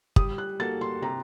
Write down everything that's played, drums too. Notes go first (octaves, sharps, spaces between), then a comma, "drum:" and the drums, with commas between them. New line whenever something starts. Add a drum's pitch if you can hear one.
G3 D#6, drum: kick G1
F#6
A#3 F#4 A4 A6
C6
C3 A#5